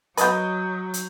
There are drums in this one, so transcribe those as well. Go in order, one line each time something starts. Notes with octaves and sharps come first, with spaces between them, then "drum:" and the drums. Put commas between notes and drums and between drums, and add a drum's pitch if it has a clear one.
F#3 B3 B4 D#5 D#6 G6, drum: hi-hat
drum: hi-hat